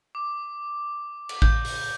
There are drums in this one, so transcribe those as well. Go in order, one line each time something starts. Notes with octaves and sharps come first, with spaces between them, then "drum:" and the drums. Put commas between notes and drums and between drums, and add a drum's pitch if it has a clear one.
D6
drum: cymbal
G6, drum: kick A1
drum: open hi-hat